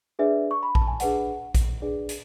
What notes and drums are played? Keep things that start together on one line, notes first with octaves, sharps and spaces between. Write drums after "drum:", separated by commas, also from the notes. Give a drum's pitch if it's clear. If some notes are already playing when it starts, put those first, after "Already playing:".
D4 G#4 B4 D5 E5
C#6
B5
A5, drum: kick A#1
G#5
D4 G#4 B4 D5 F#5, drum: hi-hat
drum: kick A#1, hi-hat
D4 G#4 B4 D5
drum: hi-hat